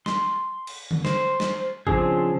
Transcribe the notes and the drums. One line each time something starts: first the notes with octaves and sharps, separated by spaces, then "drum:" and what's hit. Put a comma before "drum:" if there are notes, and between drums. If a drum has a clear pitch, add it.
C6, drum: snare
drum: cymbal
drum: tom D3
C5, drum: snare
drum: snare
C#3 F3 C4 D4 G#4, drum: kick G#1